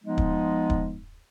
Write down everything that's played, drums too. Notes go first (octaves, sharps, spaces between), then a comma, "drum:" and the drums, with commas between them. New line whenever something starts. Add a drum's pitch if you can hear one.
F3 G#3 B3 D#4
drum: kick
drum: kick